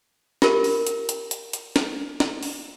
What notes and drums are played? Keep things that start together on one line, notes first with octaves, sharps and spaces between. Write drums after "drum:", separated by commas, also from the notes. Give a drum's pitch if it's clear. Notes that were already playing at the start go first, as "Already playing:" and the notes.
F4 G4 A#4, drum: snare
drum: open hi-hat
drum: hi-hat
drum: hi-hat
drum: hi-hat
drum: hi-hat
drum: snare
drum: snare
drum: open hi-hat